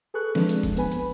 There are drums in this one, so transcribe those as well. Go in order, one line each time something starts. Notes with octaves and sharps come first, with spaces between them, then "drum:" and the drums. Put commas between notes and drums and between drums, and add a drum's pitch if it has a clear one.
G#4 A4 B4 C#6 F#6
F3 G#3 C4 D4, drum: snare
drum: hi-hat
drum: kick, hi-hat
B3 B4 G#5 B5, drum: hi-hat
drum: hi-hat